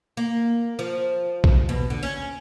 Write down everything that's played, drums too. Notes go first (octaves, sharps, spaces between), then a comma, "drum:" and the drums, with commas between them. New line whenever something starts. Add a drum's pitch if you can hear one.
A#3
F3
drum: kick
B2
D3
C#4